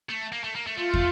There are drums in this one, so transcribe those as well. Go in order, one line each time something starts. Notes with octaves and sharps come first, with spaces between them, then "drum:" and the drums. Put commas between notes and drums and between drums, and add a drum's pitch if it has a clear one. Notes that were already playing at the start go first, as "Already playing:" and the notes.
A3
A#3
A3
A#3
A3
A3 F4
drum: kick